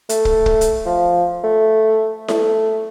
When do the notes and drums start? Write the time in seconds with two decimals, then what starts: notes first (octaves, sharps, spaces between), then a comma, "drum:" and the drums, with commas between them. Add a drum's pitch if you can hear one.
0.09 A3, drum: hi-hat
0.25 drum: kick
0.46 drum: kick
0.61 drum: hi-hat
0.86 F3
1.44 A3
2.28 A3, drum: snare E4